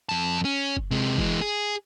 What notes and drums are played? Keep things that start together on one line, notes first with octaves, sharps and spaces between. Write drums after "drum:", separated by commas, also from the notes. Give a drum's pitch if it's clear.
F2 A5
C#4
drum: kick F#1
C3 G#3
E3 G#3, drum: kick F#1
G#4